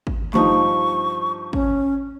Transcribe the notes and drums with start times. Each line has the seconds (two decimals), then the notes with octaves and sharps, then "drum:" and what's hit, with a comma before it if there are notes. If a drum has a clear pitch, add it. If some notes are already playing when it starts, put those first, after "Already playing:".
0.07 drum: kick
0.34 G2 F3 D#4 C#6, drum: clap
1.53 C#4, drum: kick